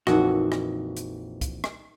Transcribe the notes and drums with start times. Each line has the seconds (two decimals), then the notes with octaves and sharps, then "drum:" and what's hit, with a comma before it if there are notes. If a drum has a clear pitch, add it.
0.07 A#1 F2 E3 D#4 F#4 A#4 D#6, drum: rim click
0.52 drum: rim click
0.97 drum: hi-hat
1.41 drum: kick C2, hi-hat
1.64 drum: rim click